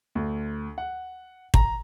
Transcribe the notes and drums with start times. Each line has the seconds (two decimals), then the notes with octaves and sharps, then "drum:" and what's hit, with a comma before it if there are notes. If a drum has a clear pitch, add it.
0.15 D2
0.78 F#5
1.54 A#5, drum: kick